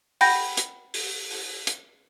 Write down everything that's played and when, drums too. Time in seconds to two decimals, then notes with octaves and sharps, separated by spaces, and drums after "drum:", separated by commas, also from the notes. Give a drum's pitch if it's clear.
0.21 F#5 G5 B5 G6 A#6, drum: open hi-hat
0.57 drum: hi-hat
0.94 drum: open hi-hat
1.31 drum: open hi-hat
1.67 drum: hi-hat